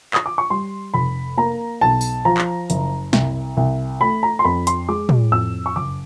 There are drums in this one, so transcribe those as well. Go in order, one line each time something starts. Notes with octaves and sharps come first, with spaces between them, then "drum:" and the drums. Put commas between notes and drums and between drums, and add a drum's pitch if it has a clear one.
D#6, drum: clap
D6
C#6
G3 C6
F1 B5
A#3 A#5
B1 A5
drum: tambourine
F3 A#5
drum: clap
F#1, drum: hi-hat
C2, drum: snare
C2
A3 B5
A#5
C6
F2 B5
C6, drum: hi-hat
G#3 D6
drum: tom
F2 E6
C#6
F#1 D6